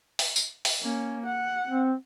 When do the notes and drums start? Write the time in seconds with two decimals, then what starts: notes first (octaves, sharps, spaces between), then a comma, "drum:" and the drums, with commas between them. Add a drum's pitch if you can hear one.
0.19 drum: open hi-hat
0.36 drum: tambourine
0.65 drum: open hi-hat
0.80 A#3 C#4
1.26 F#5
1.66 C4